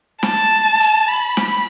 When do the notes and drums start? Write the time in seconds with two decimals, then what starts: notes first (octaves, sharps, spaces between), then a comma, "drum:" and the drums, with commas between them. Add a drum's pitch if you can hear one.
0.23 A5, drum: snare
0.80 drum: hi-hat
1.08 B5
1.37 drum: snare